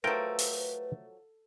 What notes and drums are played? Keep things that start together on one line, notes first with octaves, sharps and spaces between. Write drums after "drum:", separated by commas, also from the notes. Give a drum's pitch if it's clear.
F3 F#3 A3 A#4 B4 G5
drum: open hi-hat